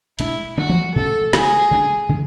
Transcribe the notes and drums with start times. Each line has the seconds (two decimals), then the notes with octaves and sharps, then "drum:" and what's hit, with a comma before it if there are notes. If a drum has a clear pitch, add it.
0.19 B2 G#3 D4 E4, drum: hi-hat
0.57 D3 F#3 A3 D4 F#4
0.70 drum: tom E3
0.95 B2 A3 C#4 A4
1.33 C#3 G#3 B3 G#4, drum: snare
1.71 C#3 G#3 B3 D4
2.09 C#3 E3 G#3